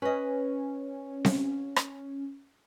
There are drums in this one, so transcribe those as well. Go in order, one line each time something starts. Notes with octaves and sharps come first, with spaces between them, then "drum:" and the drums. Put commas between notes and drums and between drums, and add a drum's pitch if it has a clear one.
C#4 B4 D#5
drum: snare C4
drum: rim click